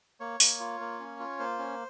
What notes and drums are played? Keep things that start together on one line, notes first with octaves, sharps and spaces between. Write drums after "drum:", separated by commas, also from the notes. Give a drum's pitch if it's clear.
A#3 C#5
A#3, drum: open hi-hat
F4
A#3
C#4
F4
A#3 C5
C#4